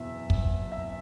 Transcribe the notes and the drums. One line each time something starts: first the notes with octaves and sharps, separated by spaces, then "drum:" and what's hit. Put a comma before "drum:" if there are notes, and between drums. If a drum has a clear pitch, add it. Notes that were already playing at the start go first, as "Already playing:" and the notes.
Already playing: F#1 E2 B2 E5
drum: kick
E5